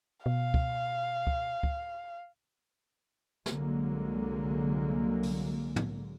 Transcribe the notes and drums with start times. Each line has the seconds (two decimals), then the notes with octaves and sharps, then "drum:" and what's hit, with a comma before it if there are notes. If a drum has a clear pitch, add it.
0.26 B2 F5
0.54 drum: kick
1.27 drum: kick
1.63 drum: kick
3.46 C2 D3 F#3 G#3 A#3, drum: snare
5.23 drum: open hi-hat
5.76 drum: tom